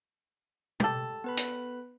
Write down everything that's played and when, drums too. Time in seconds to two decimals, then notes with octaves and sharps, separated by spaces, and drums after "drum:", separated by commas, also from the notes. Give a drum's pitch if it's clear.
0.80 G4 A4, drum: tom
1.24 B3 B4 B5
1.37 drum: hi-hat